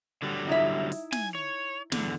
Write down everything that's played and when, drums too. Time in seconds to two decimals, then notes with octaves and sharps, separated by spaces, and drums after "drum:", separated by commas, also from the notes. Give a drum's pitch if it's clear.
0.22 D3 F#3 G3
0.47 D#4 E4 E5
0.92 drum: open hi-hat
1.12 G#5, drum: snare
1.35 C#5
1.92 E2 D3, drum: snare